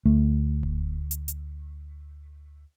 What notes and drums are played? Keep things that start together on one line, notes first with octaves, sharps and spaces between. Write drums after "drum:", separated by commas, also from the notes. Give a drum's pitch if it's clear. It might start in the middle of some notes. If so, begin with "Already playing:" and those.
D2 A3
drum: kick D#1
drum: hi-hat
drum: hi-hat